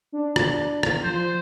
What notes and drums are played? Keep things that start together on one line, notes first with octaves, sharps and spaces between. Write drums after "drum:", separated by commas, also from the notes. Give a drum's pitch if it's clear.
D4
drum: rim click
drum: rim click
F3 C5